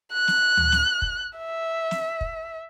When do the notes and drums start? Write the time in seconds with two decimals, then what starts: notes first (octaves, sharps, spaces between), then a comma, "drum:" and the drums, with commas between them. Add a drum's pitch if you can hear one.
0.13 F#6
0.28 drum: snare
0.57 drum: tom D2
0.72 drum: snare
1.02 drum: kick
1.38 E5
1.91 drum: snare
2.21 drum: kick